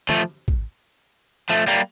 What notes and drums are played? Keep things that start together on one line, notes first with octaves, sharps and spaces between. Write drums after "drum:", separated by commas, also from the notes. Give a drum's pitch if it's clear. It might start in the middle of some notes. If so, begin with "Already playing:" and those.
F3 A3, drum: tom
drum: kick A1
F3 A3
G3 A#3